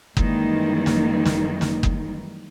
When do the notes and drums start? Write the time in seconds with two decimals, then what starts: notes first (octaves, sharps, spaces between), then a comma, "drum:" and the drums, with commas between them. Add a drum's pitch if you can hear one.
0.17 F#2 D#3 E3 G3 G#3 A#3, drum: kick F#1
0.86 drum: snare
1.25 drum: snare
1.61 drum: snare
1.83 drum: kick F#1